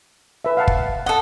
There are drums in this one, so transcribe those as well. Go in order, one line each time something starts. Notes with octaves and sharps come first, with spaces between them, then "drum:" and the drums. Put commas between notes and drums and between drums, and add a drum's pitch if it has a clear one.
B4 E5
F5 F#5 A5
drum: kick
A4 D#5 F#5